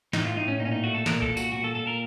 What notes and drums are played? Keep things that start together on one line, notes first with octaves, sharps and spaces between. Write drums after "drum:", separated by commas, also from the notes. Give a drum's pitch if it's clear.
A2 D#4, drum: snare
F4
A2 D#4
C#4
A#2 D#4
C#4
D#4
A3 F#4
A4
A#2 A#4, drum: snare
A4, drum: kick C2
A#2
F#4, drum: tambourine
A#2 F#4
A4
A#2 A4
A#4